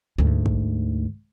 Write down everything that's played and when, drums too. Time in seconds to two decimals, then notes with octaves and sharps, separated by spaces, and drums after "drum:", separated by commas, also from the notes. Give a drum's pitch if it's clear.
0.18 D2 G#2
0.46 drum: kick